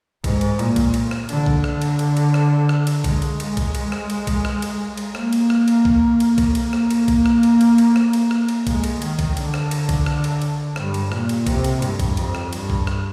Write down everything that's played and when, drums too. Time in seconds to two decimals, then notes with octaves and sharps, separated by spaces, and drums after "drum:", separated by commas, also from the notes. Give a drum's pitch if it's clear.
0.24 G#2, drum: kick B1, cymbal
0.41 drum: cymbal
0.59 A#2, drum: cymbal
0.76 drum: kick B1, cymbal
0.94 drum: cymbal
1.11 drum: rim click
1.29 D3, drum: cymbal
1.46 drum: kick B1
1.64 D3, drum: rim click
1.82 drum: cymbal
1.99 drum: cymbal
2.17 drum: cymbal
2.34 drum: rim click
2.69 drum: rim click
2.87 drum: cymbal
3.04 G#3, drum: kick B1, cymbal
3.22 drum: cymbal
3.40 G#3, drum: cymbal
3.57 drum: kick B1, cymbal
3.75 drum: cymbal
3.92 drum: rim click
4.10 drum: cymbal
4.27 drum: kick B1, cymbal
4.45 drum: rim click
4.62 drum: cymbal
4.97 drum: cymbal
5.15 A#3, drum: rim click
5.33 drum: cymbal
5.50 drum: rim click
5.68 drum: cymbal
5.85 drum: kick B1
6.20 drum: cymbal
6.38 drum: kick B1, cymbal
6.55 A#3, drum: cymbal
6.73 drum: rim click
6.91 drum: cymbal
7.08 drum: kick B1, cymbal
7.26 drum: rim click
7.43 drum: cymbal
7.61 drum: cymbal
7.78 drum: cymbal
7.96 drum: rim click
8.13 drum: cymbal
8.31 drum: rim click
8.48 drum: cymbal
8.67 G#3, drum: kick B1, cymbal
8.84 drum: cymbal
9.02 D#3, drum: cymbal
9.19 drum: kick B1, cymbal
9.37 D3, drum: cymbal
9.54 drum: rim click
9.71 drum: cymbal
9.89 drum: kick B1, cymbal
10.06 drum: rim click
10.24 drum: cymbal
10.42 drum: cymbal
10.76 G2, drum: rim click
10.94 drum: cymbal
11.12 A#2, drum: rim click
11.29 drum: cymbal
11.47 C3, drum: kick B1, cymbal
11.64 drum: cymbal
11.82 G2, drum: cymbal
12.00 drum: kick B1, cymbal
12.17 F2, drum: cymbal
12.35 drum: rim click
12.53 G2, drum: cymbal
12.70 drum: kick B1
12.87 drum: rim click